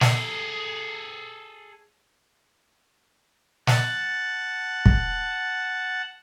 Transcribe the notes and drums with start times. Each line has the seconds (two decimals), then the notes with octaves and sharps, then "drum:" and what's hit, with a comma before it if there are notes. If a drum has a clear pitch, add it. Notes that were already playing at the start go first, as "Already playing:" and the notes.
0.01 G#4 A4, drum: snare
3.67 F#5 A5, drum: snare
4.86 drum: kick